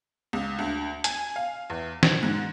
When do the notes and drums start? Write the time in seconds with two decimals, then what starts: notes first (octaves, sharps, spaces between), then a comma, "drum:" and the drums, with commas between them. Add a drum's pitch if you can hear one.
0.33 C#2
0.59 D2
1.04 G#5, drum: hi-hat
1.36 F5
1.70 E2
2.03 G#6, drum: snare
2.23 G#2